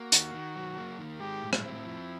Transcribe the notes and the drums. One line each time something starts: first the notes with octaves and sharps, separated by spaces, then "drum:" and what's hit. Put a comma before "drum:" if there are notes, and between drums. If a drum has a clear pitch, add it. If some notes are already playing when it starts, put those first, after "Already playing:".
Already playing: A#3 F#4
D#3, drum: hi-hat
D#3
F#3
A#3
D#3
G#3 G4
A2
E4, drum: rim click
C4
F3